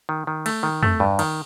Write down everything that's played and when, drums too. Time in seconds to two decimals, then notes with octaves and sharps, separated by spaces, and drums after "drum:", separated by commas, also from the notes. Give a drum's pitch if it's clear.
0.09 D#3
0.27 D#3
0.46 A3, drum: cymbal
0.63 D#3
0.83 A3, drum: tom
1.00 G2
1.19 D#3, drum: cymbal